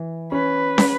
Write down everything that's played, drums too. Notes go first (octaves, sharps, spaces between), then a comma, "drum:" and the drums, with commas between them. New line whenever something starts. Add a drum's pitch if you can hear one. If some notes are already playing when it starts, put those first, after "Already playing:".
Already playing: E3
C#4 B4
drum: snare